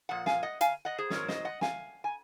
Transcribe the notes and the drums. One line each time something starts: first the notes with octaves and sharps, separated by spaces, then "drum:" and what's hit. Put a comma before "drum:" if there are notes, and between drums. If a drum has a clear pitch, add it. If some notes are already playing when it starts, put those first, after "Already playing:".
A#2 F3 F#5
F5 G#5, drum: snare
D#5 F#5
F5 G#5, drum: hi-hat
D#5 F#5
G#4 C5
G#2 D#3 F#3 C4 A#4 C#5, drum: snare
C5 D#5, drum: snare
D#5 F#5
F5 G#5, drum: snare
G#5